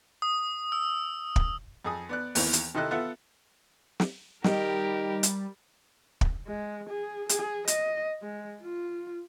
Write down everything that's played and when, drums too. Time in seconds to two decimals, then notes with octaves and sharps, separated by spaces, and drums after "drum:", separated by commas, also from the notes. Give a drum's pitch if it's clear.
0.22 D#6
0.72 E6
1.36 drum: kick
1.85 F2 G#4 D#6
2.09 B3 D5 F#6
2.35 D#2 E3 B3, drum: open hi-hat
2.53 drum: hi-hat
2.74 C3 D#3 E4 A4 D#5 F#6
2.91 B3 F4 A4 E5 F#5
4.00 drum: snare
4.44 D#3 G3 D#4 G4 A#4, drum: snare
5.23 drum: hi-hat
6.21 drum: kick
6.47 G#3
6.89 G#4
7.29 G#4, drum: hi-hat
7.67 D#5, drum: hi-hat
8.22 G#3
8.61 F4